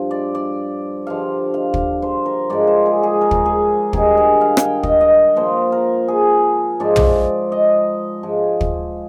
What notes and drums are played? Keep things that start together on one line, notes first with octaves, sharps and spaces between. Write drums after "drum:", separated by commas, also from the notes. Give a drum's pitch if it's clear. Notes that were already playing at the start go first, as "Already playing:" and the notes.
Already playing: G2 F3
D5
D5
G2 D3 F3 F5
F5
drum: kick
C5
A#4
G#2 F3 D5
C5
G#4
G#4
A#4
drum: kick
G#4
G2 D#3 G#4, drum: kick
G#4
F5
G#5, drum: rim click
G5
D#5, drum: kick
D#5
A#2 F3 C5
A#4
G#4
G#2 F3 D5
drum: tom
D#5
G#2 F3
drum: kick